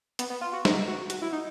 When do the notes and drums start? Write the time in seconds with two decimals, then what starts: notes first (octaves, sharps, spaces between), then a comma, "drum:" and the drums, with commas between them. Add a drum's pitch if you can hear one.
0.19 B3, drum: hi-hat
0.30 B3
0.41 F4
0.53 F#4
0.65 D#4, drum: snare
0.87 F#4
1.10 F#4, drum: hi-hat
1.22 E4
1.33 D#4